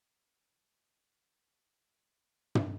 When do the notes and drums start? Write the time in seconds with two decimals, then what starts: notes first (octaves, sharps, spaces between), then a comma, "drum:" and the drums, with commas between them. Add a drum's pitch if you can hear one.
0.24 D4 G4
2.55 drum: tom